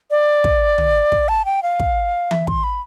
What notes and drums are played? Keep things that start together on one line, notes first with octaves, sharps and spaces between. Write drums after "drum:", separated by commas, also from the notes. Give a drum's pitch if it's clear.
D5
drum: kick
drum: tom
drum: kick
A5
G5
F5
drum: kick
E5, drum: tom E3
C6, drum: kick
B5